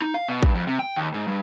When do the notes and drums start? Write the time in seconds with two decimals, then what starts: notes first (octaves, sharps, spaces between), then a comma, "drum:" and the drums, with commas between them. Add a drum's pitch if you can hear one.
0.02 D#4
0.14 F5
0.28 B2
0.43 G2, drum: kick
0.55 F2
0.67 C3
0.79 G5
0.96 D#2
1.14 G#2
1.28 G2